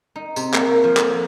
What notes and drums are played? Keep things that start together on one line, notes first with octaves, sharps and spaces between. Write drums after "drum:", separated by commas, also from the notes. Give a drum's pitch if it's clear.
D#4
C3, drum: tambourine
A#3, drum: clap
F3
A4, drum: clap